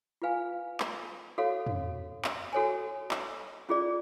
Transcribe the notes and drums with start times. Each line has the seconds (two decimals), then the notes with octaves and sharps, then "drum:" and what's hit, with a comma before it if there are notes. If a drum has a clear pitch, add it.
0.22 F4 B4 F5 G#5
0.80 drum: clap
1.38 F#4 A4 C#5 F5
1.67 drum: tom
2.24 drum: clap
2.53 F#4 A4 C#5 G#5
3.11 drum: clap
3.69 C#4 F4 G#4 D5